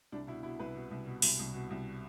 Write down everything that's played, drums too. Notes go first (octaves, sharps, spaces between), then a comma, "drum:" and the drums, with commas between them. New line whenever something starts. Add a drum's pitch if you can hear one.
C2 D4
B2 E4
B2 E4
C2 B4
B2
C2
B2
C2, drum: open hi-hat
C2
B2
C2